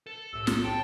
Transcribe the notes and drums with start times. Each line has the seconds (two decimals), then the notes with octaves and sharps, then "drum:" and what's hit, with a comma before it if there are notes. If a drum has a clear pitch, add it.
0.07 A4
0.33 C2 A2 E6
0.47 B1 E2 A2 F4 A4, drum: snare
0.64 C#5 G5 A5 D6